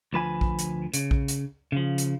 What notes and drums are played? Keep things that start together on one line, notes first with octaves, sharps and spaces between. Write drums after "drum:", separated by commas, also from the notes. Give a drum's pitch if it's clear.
D2 F3 B4 G#5
drum: kick A#1
drum: hi-hat
C#3, drum: hi-hat
drum: kick A#1
drum: hi-hat
C#3 F3
drum: hi-hat